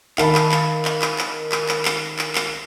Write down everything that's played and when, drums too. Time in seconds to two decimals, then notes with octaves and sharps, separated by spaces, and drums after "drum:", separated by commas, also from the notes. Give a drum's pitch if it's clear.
0.18 D#3 F5 A5 B5, drum: clap
0.35 drum: clap
0.52 drum: clap
0.85 drum: clap
1.02 drum: clap
1.18 drum: clap
1.52 drum: clap
1.69 drum: clap
1.85 drum: clap
2.19 drum: clap
2.35 drum: clap